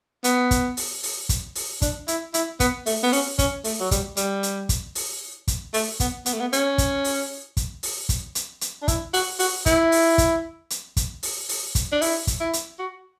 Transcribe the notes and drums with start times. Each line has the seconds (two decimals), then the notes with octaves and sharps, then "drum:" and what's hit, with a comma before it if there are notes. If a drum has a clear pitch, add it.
0.24 B3, drum: hi-hat
0.51 drum: kick, hi-hat
0.77 drum: open hi-hat
1.03 drum: open hi-hat
1.29 drum: kick, hi-hat
1.55 drum: open hi-hat
1.82 D4, drum: kick, hi-hat
2.08 E4, drum: hi-hat
2.34 E4, drum: hi-hat
2.60 B3, drum: kick, hi-hat
2.86 A3, drum: open hi-hat
3.03 B3
3.13 C#4, drum: open hi-hat
3.39 C#4, drum: kick, hi-hat
3.64 A3, drum: open hi-hat
3.80 F#3
3.91 G3, drum: kick, hi-hat
4.17 G3, drum: hi-hat
4.43 drum: hi-hat
4.69 drum: kick, hi-hat
4.95 drum: open hi-hat
5.48 drum: kick, hi-hat
5.74 A3, drum: open hi-hat
6.00 B3, drum: kick, hi-hat
6.26 B3, drum: hi-hat
6.33 A3
6.40 B3
6.53 C#4, drum: hi-hat
6.78 drum: kick, hi-hat
7.04 drum: open hi-hat
7.57 drum: kick, hi-hat
7.83 drum: open hi-hat
8.09 drum: kick, hi-hat
8.35 drum: hi-hat
8.61 drum: hi-hat
8.82 D4
8.88 E4, drum: kick, hi-hat
9.14 F#4, drum: open hi-hat
9.39 F#4, drum: open hi-hat
9.66 E4, drum: kick, hi-hat
9.92 drum: open hi-hat
10.18 drum: kick, hi-hat
10.70 drum: hi-hat
10.97 drum: kick, hi-hat
11.23 drum: open hi-hat
11.49 drum: open hi-hat
11.75 drum: kick, hi-hat
11.92 D4
12.02 E4, drum: open hi-hat
12.27 drum: kick, hi-hat
12.40 E4
12.53 drum: hi-hat
12.79 F#4